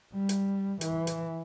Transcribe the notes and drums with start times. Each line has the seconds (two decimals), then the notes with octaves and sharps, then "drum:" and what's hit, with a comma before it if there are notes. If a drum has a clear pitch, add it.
0.13 G3
0.29 drum: hi-hat
0.81 E3, drum: hi-hat
1.07 drum: hi-hat